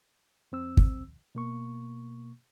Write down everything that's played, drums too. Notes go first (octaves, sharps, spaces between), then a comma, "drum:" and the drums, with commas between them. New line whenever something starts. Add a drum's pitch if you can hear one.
F2 C4 E6
drum: kick
B2 A#3 C#6